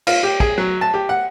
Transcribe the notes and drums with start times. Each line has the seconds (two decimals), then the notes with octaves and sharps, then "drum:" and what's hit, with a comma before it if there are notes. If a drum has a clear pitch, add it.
0.07 F4, drum: cymbal
0.23 G4
0.40 G#4, drum: kick
0.58 F#3
0.81 A5
0.94 G4
1.09 F#5